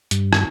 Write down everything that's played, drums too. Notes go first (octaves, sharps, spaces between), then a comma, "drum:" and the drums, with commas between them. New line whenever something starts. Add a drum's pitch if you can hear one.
G2, drum: hi-hat
drum: rim click